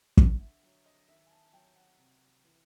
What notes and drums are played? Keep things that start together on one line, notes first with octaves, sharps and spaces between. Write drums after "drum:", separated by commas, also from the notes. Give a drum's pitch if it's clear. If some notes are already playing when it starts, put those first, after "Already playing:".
D3 F#5, drum: kick
E5
F#3
D#5
D#3 E5
G#5
A5
F#3 G5
F#5
C3
E3